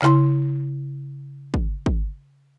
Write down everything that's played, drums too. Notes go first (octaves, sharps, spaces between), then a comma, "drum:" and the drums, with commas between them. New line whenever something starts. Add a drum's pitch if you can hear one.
C#3 E4 C6, drum: clap
drum: kick
drum: kick